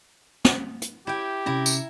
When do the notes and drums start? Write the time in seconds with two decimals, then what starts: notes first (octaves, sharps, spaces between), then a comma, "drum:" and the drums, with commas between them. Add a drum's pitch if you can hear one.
0.45 drum: snare
0.82 drum: hi-hat
1.07 E4 G4 G5
1.46 C3 C#4 E4 A#5
1.66 drum: tambourine